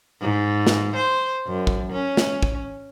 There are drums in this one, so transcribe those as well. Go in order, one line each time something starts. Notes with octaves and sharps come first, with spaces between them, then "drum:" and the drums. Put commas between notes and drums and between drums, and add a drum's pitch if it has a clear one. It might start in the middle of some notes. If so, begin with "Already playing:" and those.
G#2
drum: snare
C5
F#2
drum: kick
C#4
drum: snare
drum: kick